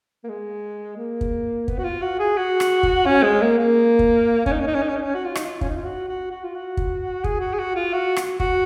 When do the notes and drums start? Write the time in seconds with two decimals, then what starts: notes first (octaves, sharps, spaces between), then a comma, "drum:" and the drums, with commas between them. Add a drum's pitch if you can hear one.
0.24 A#3
0.29 G#3
0.97 A#3
1.21 drum: kick
1.68 B3, drum: kick
1.78 F#4
1.84 F4
2.02 F#4
2.19 G#4
2.37 F#4
2.60 drum: rim click
2.83 drum: kick
3.06 C#4
3.23 G#3
3.41 A#3
3.59 A#3
3.99 drum: kick
4.46 C#4, drum: kick
4.52 D#4
4.60 C#4
4.67 D#4
4.75 C#4
4.82 D#4
4.89 C#4
4.96 D#4
5.03 C#4
5.14 F#4
5.25 F4
5.35 D#4, drum: rim click
5.45 F4
5.61 C#4, drum: kick
5.69 D#4
5.77 F4
5.84 F#4
6.08 F#4
6.30 F#4
6.44 F4
6.55 F#4
6.77 drum: kick
7.24 G#4, drum: kick
7.41 F#4
7.53 G#4
7.59 F#4
7.76 F4
7.93 F#4
8.16 drum: rim click
8.40 F#4, drum: kick